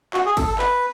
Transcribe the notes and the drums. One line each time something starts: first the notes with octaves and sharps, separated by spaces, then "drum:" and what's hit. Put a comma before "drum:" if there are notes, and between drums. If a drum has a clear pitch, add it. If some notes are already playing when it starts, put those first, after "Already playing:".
F#4, drum: clap
G#4
A4, drum: kick, cymbal
A4
B4, drum: clap